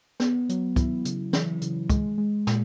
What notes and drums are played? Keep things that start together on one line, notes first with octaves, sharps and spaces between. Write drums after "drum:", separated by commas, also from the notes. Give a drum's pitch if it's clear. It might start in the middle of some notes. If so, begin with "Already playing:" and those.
B3, drum: snare
F#3, drum: hi-hat
E4, drum: kick, hi-hat
C#3, drum: hi-hat
E3, drum: snare
C#3, drum: hi-hat
G#3, drum: kick, hi-hat
G#3
A#2, drum: snare